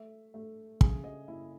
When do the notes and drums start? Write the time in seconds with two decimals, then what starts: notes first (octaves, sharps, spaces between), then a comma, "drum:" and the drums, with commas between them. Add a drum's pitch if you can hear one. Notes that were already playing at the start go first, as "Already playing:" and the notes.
Already playing: A3 E5
0.34 A3
0.81 C#3 G#4, drum: kick
1.04 D#5
1.27 F#1 E4